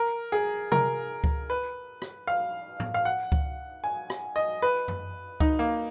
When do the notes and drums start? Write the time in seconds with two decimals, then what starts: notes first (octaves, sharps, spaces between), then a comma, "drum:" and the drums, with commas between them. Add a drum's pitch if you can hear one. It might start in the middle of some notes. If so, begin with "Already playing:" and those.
Already playing: A#4
0.32 G#4
0.72 A#4, drum: tom C3
1.24 drum: kick C#2
1.50 B4
2.02 drum: rim click
2.27 F5
2.80 drum: tom A2
2.94 F5
3.05 F#5
3.32 drum: kick C#2
3.84 G#5
4.10 drum: rim click
4.36 D#5
4.62 B4
4.88 drum: tom F#2
5.40 D#4, drum: kick C#2
5.59 A#3